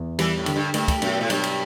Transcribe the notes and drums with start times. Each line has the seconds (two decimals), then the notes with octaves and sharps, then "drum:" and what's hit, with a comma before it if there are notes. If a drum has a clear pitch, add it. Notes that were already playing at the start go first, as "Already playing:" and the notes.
Already playing: E2
0.19 E3 G3, drum: cymbal
0.37 A2
0.46 D3, drum: cymbal
0.56 G2
0.74 G2 A3, drum: cymbal
0.88 drum: kick, cymbal
1.02 F#2 B2, drum: cymbal
1.21 A2
1.30 G2 F#3, drum: cymbal
1.43 drum: cymbal